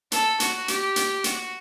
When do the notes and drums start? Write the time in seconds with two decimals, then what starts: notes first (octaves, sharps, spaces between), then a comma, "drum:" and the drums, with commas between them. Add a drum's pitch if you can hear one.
0.12 A4, drum: hi-hat
0.40 F#4, drum: hi-hat
0.68 G4, drum: hi-hat
0.96 drum: hi-hat
1.24 F#4, drum: hi-hat